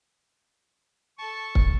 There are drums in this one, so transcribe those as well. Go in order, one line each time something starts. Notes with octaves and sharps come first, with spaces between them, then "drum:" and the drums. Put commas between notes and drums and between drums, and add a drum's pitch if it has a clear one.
A4 A5 C#6
drum: kick C#1